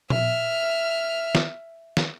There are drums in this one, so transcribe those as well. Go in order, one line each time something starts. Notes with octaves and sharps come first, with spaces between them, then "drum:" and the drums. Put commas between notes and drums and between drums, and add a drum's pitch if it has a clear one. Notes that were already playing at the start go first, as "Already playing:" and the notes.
E5 F6, drum: tom A#2
drum: snare
drum: snare